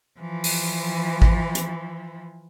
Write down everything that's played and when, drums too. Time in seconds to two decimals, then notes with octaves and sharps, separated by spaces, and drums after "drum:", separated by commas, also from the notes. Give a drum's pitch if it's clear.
0.19 E3 F3
0.44 drum: open hi-hat
1.22 drum: kick G#1
1.55 drum: hi-hat